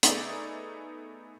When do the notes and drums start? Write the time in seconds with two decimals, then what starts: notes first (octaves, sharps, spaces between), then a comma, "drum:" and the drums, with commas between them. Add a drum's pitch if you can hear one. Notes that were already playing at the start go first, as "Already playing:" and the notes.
0.03 A3 B3 D#4 G#4 D5 E5, drum: hi-hat